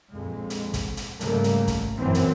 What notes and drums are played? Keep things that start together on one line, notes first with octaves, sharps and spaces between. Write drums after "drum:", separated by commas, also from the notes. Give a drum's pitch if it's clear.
A#1 F2 G#3
drum: hi-hat
drum: kick, hi-hat
drum: hi-hat
G#2 C#3 G3 A3 A#3, drum: hi-hat
drum: hi-hat
drum: kick, hi-hat
F#1 F#2 A#2 E3 C4 C#4
drum: hi-hat